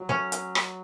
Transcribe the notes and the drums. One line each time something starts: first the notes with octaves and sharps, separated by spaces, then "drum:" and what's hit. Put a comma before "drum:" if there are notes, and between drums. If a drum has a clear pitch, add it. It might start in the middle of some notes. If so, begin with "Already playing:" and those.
Already playing: F#3
C#4
drum: hi-hat
drum: rim click